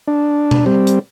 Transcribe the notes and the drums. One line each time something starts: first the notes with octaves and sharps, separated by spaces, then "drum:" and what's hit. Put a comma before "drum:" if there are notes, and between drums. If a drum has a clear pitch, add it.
D4
drum: tom B2
G3 C4
drum: hi-hat